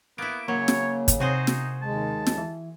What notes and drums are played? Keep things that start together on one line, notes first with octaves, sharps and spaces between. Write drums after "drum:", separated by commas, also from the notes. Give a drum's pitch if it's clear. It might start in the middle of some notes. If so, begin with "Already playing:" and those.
A#3 B3 E4 D7
C#3 F#3 A#3 C#5
drum: snare
drum: kick, hi-hat
C3 D#4 F#4 G#4 C5
drum: snare
D#2 G#3 A5
drum: snare
E3